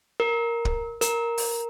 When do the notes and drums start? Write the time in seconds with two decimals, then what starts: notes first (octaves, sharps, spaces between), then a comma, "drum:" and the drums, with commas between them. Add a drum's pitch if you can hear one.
0.20 A#4
0.65 drum: kick
1.01 A#4, drum: hi-hat
1.38 drum: open hi-hat